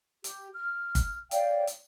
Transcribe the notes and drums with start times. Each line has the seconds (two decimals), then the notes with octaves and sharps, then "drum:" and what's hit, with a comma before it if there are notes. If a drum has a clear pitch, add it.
0.24 G4, drum: hi-hat
0.55 F6
0.95 drum: kick, hi-hat
1.31 C#5 D5 F5 G5, drum: hi-hat
1.67 drum: hi-hat